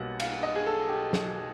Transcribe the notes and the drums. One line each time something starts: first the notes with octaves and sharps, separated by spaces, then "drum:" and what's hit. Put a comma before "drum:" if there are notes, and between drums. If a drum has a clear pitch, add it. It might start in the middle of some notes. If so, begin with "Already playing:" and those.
Already playing: B1 B2 G3 A#3 F#5
F5, drum: cymbal
D#5
G#4
A4
G4
drum: snare